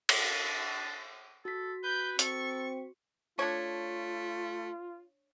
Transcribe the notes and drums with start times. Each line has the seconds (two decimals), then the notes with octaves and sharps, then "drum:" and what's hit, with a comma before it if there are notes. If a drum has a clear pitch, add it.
0.09 drum: cymbal
0.18 D4
1.45 F#4 A4 B6
1.83 B4 G6
2.19 C4 A4 C#6, drum: hi-hat
3.39 A3 D4 F4 C#5